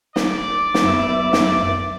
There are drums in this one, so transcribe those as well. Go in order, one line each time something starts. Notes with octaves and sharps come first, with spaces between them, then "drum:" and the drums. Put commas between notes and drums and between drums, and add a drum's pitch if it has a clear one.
D5, drum: snare
drum: snare
F#2 B3 E5
drum: snare